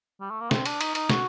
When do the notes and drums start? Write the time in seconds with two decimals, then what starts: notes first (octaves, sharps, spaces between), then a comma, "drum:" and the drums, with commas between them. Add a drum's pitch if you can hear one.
0.20 G3
0.30 A3
0.41 A#3
0.51 C4, drum: snare
0.65 D4, drum: cymbal
0.81 D#4, drum: cymbal
0.95 D#4, drum: cymbal
1.10 F#4, drum: snare